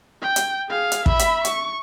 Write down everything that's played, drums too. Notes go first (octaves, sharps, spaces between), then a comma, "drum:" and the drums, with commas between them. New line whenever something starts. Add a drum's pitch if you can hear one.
G5
drum: hi-hat
G#4 F5
drum: hi-hat
E5 B5, drum: kick
drum: hi-hat
C#6, drum: hi-hat